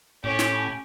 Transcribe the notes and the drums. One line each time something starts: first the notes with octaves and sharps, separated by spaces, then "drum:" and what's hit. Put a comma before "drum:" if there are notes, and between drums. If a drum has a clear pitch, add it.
A2 C#4 G4 C#5
drum: snare